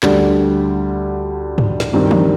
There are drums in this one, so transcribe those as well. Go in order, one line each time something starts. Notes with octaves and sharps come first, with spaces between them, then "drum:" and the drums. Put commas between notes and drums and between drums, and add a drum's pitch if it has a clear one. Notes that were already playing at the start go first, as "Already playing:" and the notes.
D2 D3 G3, drum: clap
drum: tom G2
drum: snare
G2 D#3 G3 C4
drum: tom E3